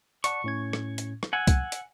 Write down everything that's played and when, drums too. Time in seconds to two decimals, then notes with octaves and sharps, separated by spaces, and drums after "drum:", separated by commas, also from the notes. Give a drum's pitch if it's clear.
0.24 D5 F#5 A5 C#6, drum: hi-hat
0.44 A2 C#4 G#6
0.73 drum: rim click
0.98 drum: hi-hat
1.23 drum: rim click
1.33 F#5 G#5 E6
1.47 drum: kick C2, hi-hat
1.72 drum: hi-hat